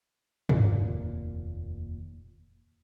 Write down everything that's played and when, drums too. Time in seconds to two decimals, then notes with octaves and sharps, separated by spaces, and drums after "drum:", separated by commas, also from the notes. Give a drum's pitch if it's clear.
0.49 F1 D#2 A#2, drum: tom